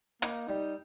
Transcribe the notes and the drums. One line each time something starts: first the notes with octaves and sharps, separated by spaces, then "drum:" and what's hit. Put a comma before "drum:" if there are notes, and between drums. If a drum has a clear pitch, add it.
A#3 D#4, drum: hi-hat
G3 D#4